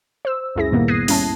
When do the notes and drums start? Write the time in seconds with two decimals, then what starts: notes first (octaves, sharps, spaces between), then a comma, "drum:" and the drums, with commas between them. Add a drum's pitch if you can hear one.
0.25 C5 E6
0.55 C#2 F#2 E4 G#4 A#6
0.71 G2 A#2 D#3 G3 A#3 B3
0.88 D#6 F#6 G#6 A#6 C7 D#7
1.08 G3 C#4 E4 A5, drum: open hi-hat